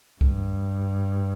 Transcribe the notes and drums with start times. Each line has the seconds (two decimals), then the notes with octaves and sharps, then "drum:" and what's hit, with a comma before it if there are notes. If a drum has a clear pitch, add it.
0.21 G2, drum: kick C2